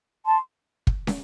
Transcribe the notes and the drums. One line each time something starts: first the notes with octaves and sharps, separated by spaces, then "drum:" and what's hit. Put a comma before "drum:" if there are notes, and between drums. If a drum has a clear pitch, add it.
A5 C6
drum: kick
drum: snare